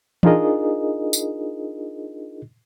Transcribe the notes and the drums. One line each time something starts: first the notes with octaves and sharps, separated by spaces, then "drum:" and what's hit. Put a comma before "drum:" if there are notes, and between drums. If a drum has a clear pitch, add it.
D4 D#4 F4 G#4 A#4 D#5, drum: tom E3
drum: tambourine